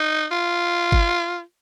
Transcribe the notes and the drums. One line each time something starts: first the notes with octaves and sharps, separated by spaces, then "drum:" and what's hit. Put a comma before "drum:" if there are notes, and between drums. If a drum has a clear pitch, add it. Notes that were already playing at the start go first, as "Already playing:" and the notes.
Already playing: D#4
F4
drum: kick G1